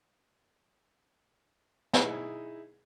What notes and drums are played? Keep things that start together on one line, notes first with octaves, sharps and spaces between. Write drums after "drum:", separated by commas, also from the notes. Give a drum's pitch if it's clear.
D#4 E4 G#4, drum: snare